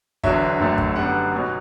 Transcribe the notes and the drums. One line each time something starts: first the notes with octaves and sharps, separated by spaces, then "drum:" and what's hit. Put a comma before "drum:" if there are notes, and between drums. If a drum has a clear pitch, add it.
E1 E2 D3 F#3 E5, drum: kick
F#1 F#2 D3 F#3 A3
drum: kick
F#2 D3 G3 B3 F#5
B1 B2 F#3